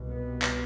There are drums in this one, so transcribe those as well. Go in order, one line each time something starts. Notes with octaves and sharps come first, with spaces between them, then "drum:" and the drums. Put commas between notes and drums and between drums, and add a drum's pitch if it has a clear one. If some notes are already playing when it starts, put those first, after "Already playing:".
Already playing: C2 B2
B3
drum: clap